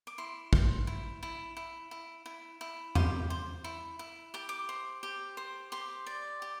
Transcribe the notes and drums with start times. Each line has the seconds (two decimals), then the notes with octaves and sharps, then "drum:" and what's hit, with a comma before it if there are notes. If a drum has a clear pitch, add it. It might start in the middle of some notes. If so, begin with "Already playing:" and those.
0.07 D6
0.18 E4 C6
0.53 C5, drum: kick
0.87 E4
1.23 E4
1.57 E4
1.91 E4
2.26 E4
2.61 E4
2.95 G4 C6, drum: tom E2
3.30 C5
3.64 E4
3.99 E4
4.34 G4 D6
4.49 D6
4.69 C5
5.03 G4
5.37 C5
5.72 G4 C6
6.06 D5
6.42 G4